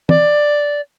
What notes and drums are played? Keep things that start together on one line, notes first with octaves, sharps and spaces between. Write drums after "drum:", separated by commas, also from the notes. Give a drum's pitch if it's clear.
D5, drum: tom